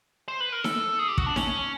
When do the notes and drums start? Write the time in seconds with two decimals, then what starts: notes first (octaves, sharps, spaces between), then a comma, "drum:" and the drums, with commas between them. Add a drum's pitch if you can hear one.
0.28 C5
0.40 B4
0.52 A#4
0.64 A4, drum: snare D#4
0.99 G#4
1.08 G4
1.18 F#4, drum: kick
1.26 D4
1.36 C#4, drum: snare D#4